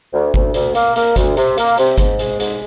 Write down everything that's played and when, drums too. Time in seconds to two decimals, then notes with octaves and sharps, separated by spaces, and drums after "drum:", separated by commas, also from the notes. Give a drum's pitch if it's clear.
0.13 D2
0.34 D2, drum: kick G1
0.54 D2, drum: hi-hat
0.75 A#3, drum: hi-hat
0.96 A#3, drum: hi-hat
1.16 D2, drum: kick G1, hi-hat
1.37 C3, drum: hi-hat
1.58 A#3, drum: hi-hat
1.78 C3, drum: hi-hat
1.98 G#2, drum: kick G1, hi-hat
2.19 G#3, drum: hi-hat
2.40 G#2, drum: hi-hat